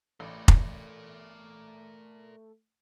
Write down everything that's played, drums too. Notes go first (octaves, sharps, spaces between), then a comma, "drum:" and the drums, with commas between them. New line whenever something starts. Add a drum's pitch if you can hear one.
A1 A3 A#4 D5
drum: kick F1